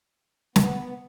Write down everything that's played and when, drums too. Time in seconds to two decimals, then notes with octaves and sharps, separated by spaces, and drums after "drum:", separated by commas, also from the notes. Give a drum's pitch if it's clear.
0.56 B3, drum: snare